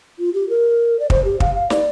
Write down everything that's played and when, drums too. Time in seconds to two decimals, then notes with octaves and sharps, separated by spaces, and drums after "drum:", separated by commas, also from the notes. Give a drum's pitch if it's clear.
0.19 F4
0.34 G4
0.49 A#4
1.00 D5
1.10 C5, drum: kick
1.25 G4
1.40 F5, drum: kick
1.55 F5
1.70 D5, drum: snare